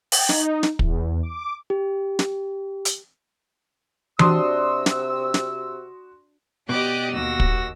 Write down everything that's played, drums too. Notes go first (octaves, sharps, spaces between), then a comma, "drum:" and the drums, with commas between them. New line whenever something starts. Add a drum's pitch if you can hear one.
G5, drum: open hi-hat
D#4, drum: snare
drum: snare
E2, drum: kick
D6
G4
drum: snare
drum: hi-hat
C3 D4 F#4 C6 D#6 E6, drum: tom E3
drum: snare
drum: snare
B2 G4 D5 D#5 D6 F#6
D#2 F#4 E6 A#6
drum: kick